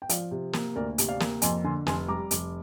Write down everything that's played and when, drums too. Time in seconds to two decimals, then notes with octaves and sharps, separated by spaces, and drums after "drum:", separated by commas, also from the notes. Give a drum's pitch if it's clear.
0.02 G5
0.09 F3 D5 F5, drum: hi-hat
0.31 C3
0.53 A#3, drum: snare
0.76 D2 A#4 D5
0.98 C3, drum: hi-hat
1.09 D5 F5
1.20 A#3, drum: snare
1.42 F2 G#5 C6, drum: hi-hat
1.64 D3 G#5 C6
1.87 F1 G#5 C6, drum: snare
2.08 G3 A#5 D6
2.31 F1, drum: hi-hat